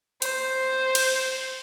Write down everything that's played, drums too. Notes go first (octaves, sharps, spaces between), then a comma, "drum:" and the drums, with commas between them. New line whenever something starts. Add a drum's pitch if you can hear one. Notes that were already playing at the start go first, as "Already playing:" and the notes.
C5, drum: hi-hat
drum: cymbal